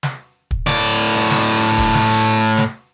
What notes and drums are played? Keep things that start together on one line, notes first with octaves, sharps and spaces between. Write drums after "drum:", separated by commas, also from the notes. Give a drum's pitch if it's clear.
drum: snare
drum: kick
A2 D5, drum: snare
drum: snare
drum: kick
drum: snare
drum: snare